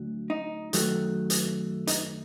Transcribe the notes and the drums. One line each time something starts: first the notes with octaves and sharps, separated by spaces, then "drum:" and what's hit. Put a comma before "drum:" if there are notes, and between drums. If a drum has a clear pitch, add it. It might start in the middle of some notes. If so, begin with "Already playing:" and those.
Already playing: D2 F#3
D#4
F#2 D#3 F#3 A3, drum: hi-hat
drum: hi-hat
D#4, drum: hi-hat